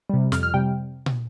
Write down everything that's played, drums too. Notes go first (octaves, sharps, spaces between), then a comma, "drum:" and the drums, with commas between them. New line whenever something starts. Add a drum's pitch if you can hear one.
C3 G3
F2 F6, drum: snare
F6
C3 G3 G5
drum: tom